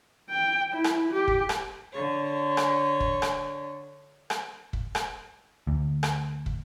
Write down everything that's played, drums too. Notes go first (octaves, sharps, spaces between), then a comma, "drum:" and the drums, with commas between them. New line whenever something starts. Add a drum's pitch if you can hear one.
G5
E4
drum: rim click
G4
drum: kick
drum: rim click
D3 C#5
drum: rim click
drum: kick
drum: rim click
drum: rim click
drum: kick
drum: rim click
D2
drum: rim click
drum: kick